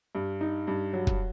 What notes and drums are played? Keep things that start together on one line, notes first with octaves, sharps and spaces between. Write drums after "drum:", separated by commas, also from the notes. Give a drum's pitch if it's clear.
G2
D#4
G2
F#3
drum: kick